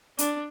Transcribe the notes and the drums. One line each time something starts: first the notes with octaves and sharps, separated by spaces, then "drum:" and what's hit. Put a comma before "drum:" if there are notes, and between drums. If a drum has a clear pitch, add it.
D4, drum: hi-hat